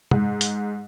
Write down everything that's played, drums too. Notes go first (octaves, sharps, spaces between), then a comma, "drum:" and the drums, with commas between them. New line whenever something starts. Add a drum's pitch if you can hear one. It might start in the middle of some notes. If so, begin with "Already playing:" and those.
G#2, drum: tom
drum: hi-hat